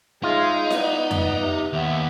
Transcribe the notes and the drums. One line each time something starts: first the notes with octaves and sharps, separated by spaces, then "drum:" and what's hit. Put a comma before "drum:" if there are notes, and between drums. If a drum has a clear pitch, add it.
G#3 D#4 F4 G#4 C#5 E5
B3 B4 D5, drum: snare E4
drum: tom F2
C3
D#2 B3 C#5 E5